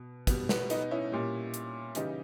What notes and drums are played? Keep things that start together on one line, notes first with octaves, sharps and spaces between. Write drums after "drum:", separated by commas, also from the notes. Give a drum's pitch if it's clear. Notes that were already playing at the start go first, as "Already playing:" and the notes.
Already playing: B2
B2 G3 B3, drum: kick, hi-hat
B3, drum: snare
B3 D#4, drum: hi-hat
C#4 E4
A#2 G3
drum: hi-hat
C#3 E3 G3 D#4 G4, drum: hi-hat